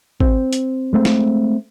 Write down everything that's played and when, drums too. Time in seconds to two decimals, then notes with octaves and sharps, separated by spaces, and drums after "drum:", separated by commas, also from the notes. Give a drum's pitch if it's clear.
0.20 C4, drum: kick
0.53 drum: hi-hat
0.93 G#3 A3 C4
1.05 drum: snare